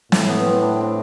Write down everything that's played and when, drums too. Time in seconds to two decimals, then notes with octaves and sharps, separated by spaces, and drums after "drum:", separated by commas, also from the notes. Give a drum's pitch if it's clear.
0.12 A2 E4, drum: snare
0.29 B3
0.46 C4
0.62 D4
0.80 C4